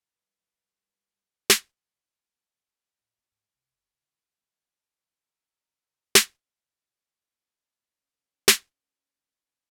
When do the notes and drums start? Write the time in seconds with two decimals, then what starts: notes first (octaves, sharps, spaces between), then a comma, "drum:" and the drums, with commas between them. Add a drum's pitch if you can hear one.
0.16 G3 B4
1.50 drum: snare
2.99 A2
3.18 C#4
3.31 G#2
3.53 C2
3.71 F#1
3.89 C2
4.00 C#3
5.23 A#5 E6
6.15 drum: snare
7.93 C#4 A#4
8.48 drum: snare